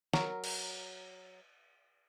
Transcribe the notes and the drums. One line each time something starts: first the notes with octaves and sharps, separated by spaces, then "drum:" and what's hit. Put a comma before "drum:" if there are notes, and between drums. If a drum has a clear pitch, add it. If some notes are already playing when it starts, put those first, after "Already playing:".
F#3 A#4, drum: snare
drum: cymbal